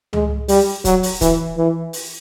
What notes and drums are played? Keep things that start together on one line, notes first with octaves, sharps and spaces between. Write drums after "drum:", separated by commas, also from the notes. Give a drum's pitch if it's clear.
G#3, drum: tom C#2
G3, drum: open hi-hat
F#3, drum: kick, hi-hat
drum: open hi-hat
E3, drum: kick, hi-hat
E3
drum: open hi-hat